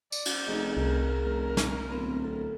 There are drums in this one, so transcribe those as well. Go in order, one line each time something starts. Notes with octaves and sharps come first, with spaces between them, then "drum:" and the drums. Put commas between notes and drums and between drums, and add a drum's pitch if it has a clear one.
D5, drum: tambourine
drum: cymbal
F1 D#4 G#4
C2 A#4
F1
drum: snare
D1 B3 C4
A4